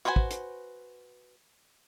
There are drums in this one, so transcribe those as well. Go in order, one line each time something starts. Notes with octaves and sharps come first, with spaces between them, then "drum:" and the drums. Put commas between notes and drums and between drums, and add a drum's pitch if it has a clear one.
F#4 B4 C5 G5 G#5
drum: kick
drum: hi-hat